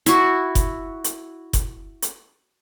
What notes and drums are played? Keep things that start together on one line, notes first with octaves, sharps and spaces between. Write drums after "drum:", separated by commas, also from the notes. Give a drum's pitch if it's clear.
E4 F#4, drum: hi-hat
drum: kick F1, hi-hat
drum: hi-hat
drum: kick F1, hi-hat
drum: hi-hat